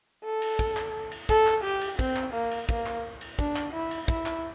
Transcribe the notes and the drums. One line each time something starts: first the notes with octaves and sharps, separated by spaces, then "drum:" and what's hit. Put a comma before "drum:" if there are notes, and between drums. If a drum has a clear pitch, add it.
A4
drum: cymbal
drum: kick
drum: clap
drum: cymbal
A4, drum: kick
drum: clap
G4
drum: cymbal
C4, drum: kick
drum: clap
A#3
drum: cymbal
A#3, drum: kick
drum: clap
drum: cymbal
D4, drum: kick
drum: clap
E4
drum: cymbal
E4, drum: kick
drum: clap